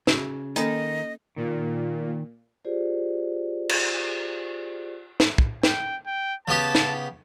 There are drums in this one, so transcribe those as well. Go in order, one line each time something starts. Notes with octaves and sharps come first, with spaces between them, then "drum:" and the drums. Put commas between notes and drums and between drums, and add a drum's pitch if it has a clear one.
C#3 F#4, drum: snare
D#3 A#3 C#4 D#4 A4 D#5, drum: hi-hat
A#2 D#3
F4 G4 G#4 C5 D5
drum: cymbal
drum: snare
drum: kick
G5, drum: snare
G5
C#3 B3 G4 A5
drum: snare